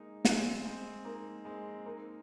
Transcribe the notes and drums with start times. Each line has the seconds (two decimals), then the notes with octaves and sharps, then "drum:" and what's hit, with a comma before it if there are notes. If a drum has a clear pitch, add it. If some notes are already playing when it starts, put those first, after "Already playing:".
Already playing: G#3 A#3 D#4
0.25 G#3 C4, drum: snare
0.65 G#3 C4
1.05 A#3 D#4
1.45 G#3 C4
1.86 A#3 D#4